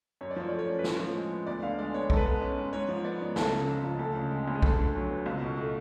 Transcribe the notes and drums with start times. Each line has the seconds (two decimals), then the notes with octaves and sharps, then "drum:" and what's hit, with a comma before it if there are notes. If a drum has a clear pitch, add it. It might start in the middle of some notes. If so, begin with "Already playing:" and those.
0.21 F#2 C#5
0.31 D5
0.36 F3 C#5
0.49 A3 D5
0.59 C#5
0.68 C#4
0.79 B4
0.84 A2 C#5, drum: snare
1.00 F3
1.15 G#3
1.32 B3
1.47 D2 D5
1.63 D3 F5
1.78 G#3 D5
1.94 B3 C#5
2.10 G#2 A4, drum: kick
2.17 B4
2.24 G#3 A4
2.42 C#4
2.58 G#2
2.73 G#2 C#5
2.89 F3
3.05 B3 D5
3.21 G#2
3.36 C#2 A4, drum: snare
3.52 C#3
3.68 F3
3.84 C#2
3.99 D2 A4
4.15 C#3
4.31 G#3
4.48 D2
4.55 G#4
4.62 D2 A4, drum: kick
4.79 D3
4.95 F#3
5.10 B3
5.26 C#2
5.41 B2
5.57 A3